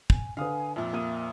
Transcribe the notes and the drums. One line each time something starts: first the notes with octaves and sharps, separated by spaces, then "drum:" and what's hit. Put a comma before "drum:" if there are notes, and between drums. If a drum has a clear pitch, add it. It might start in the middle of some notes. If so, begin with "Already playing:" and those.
G#5, drum: kick
D3 B4 F5 G#5 D#6
F2 A#2 E5
A#3 D#6 D#7